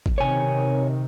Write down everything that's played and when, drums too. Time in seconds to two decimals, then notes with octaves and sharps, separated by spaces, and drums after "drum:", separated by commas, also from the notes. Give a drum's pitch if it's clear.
0.06 drum: kick
0.18 C3 D#3 C#5 G#5